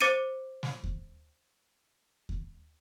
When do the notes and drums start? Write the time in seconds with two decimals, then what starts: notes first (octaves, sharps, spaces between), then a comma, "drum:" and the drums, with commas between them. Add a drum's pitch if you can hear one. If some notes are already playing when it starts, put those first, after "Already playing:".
0.01 C5 D6 A6 C#7 D#7
0.63 drum: snare
0.84 drum: kick D#2
2.29 drum: kick D#2